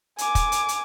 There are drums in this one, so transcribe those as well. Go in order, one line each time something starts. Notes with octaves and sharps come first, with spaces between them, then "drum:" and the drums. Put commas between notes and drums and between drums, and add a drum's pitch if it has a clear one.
G#5 D6, drum: hi-hat
drum: kick, hi-hat
drum: hi-hat
drum: hi-hat